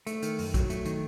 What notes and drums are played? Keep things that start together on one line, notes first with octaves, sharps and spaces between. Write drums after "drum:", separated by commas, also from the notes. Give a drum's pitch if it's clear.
A3, drum: hi-hat
D#3, drum: hi-hat
F#2, drum: open hi-hat
F#3, drum: kick A#1, hi-hat
A3, drum: hi-hat
D#3, drum: hi-hat